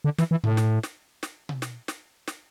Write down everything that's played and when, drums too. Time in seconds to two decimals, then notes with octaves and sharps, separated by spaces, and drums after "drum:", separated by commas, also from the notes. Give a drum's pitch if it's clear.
0.04 D3
0.19 E3, drum: snare
0.31 E3
0.44 A2, drum: tom B2
0.57 drum: snare
0.83 drum: snare
1.23 drum: snare
1.49 drum: tom B2
1.62 drum: snare
1.88 drum: snare
2.28 drum: snare